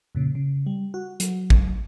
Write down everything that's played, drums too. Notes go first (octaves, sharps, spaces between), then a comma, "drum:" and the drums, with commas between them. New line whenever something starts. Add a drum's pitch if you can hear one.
F2 A#2 C#3
C#3
G3
F#4
F#3, drum: hi-hat
drum: kick